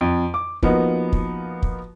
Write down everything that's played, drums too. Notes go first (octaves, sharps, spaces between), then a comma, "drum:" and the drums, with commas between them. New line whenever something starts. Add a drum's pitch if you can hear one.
F2
D6
F3 A#3 B3 D#4 F#4, drum: kick
drum: kick
drum: kick